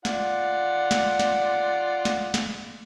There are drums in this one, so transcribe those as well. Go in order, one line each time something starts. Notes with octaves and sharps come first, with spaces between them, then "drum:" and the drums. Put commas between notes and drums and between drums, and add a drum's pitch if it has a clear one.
F4 D5 F#5, drum: snare
drum: snare
drum: snare
drum: snare
drum: snare